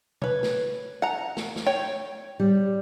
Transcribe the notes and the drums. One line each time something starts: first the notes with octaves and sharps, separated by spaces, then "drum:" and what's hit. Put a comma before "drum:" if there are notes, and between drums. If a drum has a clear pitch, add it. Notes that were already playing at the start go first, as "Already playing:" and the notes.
B4 C#5, drum: tom
drum: snare
F#5 A#5
drum: snare
drum: snare
C#5 G5
G3